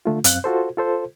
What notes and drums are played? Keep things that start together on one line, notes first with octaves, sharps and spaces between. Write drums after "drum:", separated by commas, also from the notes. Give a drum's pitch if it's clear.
D3 A3 F4
F#2 C4 F5 F#6, drum: hi-hat
F4 F#4 A4 C5
F4 A4 C5